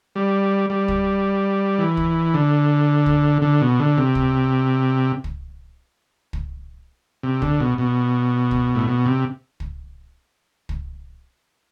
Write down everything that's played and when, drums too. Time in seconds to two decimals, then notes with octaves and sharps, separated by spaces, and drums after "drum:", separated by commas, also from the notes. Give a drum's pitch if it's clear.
0.16 G3
0.70 G3
0.88 drum: kick
1.78 E3
1.97 drum: kick
2.34 D3
3.06 drum: kick
3.42 D3
3.61 B2
3.79 D3
3.98 C3
4.15 drum: kick
5.24 drum: kick
6.33 drum: kick
7.23 C3
7.42 D3, drum: kick
7.60 B2
7.78 B2
8.51 drum: kick
8.75 A2
8.88 B2
9.06 C3
9.60 drum: kick
10.69 drum: kick